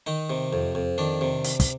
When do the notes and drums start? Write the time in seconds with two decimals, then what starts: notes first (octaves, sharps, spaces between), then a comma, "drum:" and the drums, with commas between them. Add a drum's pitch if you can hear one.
0.06 D#3 D#4
0.30 C3
0.53 F2
0.75 F2
0.98 D#3 D4
1.21 C3
1.44 drum: hi-hat
1.60 drum: kick, hi-hat